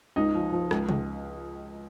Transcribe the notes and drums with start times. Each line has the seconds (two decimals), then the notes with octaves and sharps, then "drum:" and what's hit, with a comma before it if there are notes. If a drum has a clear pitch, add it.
0.16 C#2 D#4
0.35 F3
0.52 F3
0.71 C#2, drum: rim click
0.89 C#2, drum: tom C3